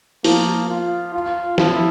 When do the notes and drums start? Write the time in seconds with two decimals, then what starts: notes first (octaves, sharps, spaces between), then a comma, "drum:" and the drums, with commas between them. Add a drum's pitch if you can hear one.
0.24 F3 A#3, drum: open hi-hat
0.69 F4
1.14 F4
1.58 F3 E4, drum: snare